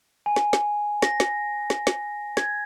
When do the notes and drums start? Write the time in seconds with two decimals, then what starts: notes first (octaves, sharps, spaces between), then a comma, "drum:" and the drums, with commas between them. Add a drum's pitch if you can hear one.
0.26 G#5
0.36 drum: snare
0.53 drum: snare
1.02 A#6, drum: snare
1.20 drum: snare
1.70 drum: snare
1.87 drum: snare
2.37 G#6, drum: snare